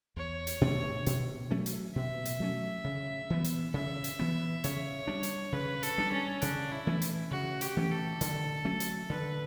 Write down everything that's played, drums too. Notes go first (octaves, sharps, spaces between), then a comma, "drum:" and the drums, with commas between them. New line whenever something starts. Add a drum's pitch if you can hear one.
E2 C#5
drum: hi-hat
B2 A3 D4
B2, drum: hi-hat
F#3 A3 C#4
drum: hi-hat
B2 E5
drum: hi-hat
F#3 A3 C#4
C#3
E3 B3
drum: hi-hat
C#3 E5
drum: hi-hat
E3 B3
C#3 C#5, drum: hi-hat
G3 D4
drum: hi-hat
C#3 B4
A4, drum: hi-hat
G3 D4
C#4
C#3 D4, drum: hi-hat
E4
E3 A3 C#4
drum: hi-hat
C#3 F#4
G4, drum: hi-hat
E3 A3 C#4
A4
D3, drum: hi-hat
F#3 A3 C#4
drum: hi-hat
D3 B4